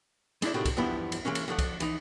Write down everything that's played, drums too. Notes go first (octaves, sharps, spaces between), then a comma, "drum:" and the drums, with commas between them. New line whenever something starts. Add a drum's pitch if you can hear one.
G#3 D4 E4 C5 D5, drum: cymbal
A2 C3 D#3 A3 C4 F#4
drum: kick C2, cymbal
E2 G2 F3 B3 E4
drum: cymbal
E3 G#3 A#3 C#4
drum: cymbal
D3 F3 A3 F#5
drum: kick C2, cymbal
E3 D#4, drum: cymbal